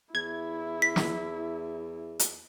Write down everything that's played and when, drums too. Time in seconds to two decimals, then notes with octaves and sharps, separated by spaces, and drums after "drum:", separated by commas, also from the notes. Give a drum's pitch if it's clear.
0.15 E2 E4 G#6
0.82 B6
0.96 drum: snare
2.19 drum: hi-hat